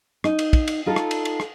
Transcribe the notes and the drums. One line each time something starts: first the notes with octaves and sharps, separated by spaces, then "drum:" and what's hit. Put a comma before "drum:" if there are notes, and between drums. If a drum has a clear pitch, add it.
D#4, drum: rim click
drum: cymbal
drum: kick, cymbal
drum: cymbal
D#4 F4 A4
drum: rim click
drum: cymbal
drum: cymbal
drum: rim click